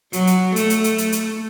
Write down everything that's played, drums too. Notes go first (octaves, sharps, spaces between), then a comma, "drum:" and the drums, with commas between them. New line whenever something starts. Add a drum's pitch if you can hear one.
F#3, drum: hi-hat
drum: hi-hat
A3, drum: hi-hat
drum: hi-hat
drum: hi-hat
drum: hi-hat
drum: hi-hat